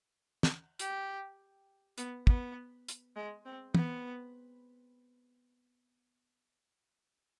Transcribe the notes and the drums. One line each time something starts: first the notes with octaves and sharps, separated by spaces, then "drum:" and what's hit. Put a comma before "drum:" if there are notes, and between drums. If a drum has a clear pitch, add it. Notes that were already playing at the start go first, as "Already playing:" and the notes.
drum: snare
G4, drum: hi-hat
B3, drum: hi-hat
B3, drum: kick
drum: hi-hat
G#3
C4
B3, drum: tom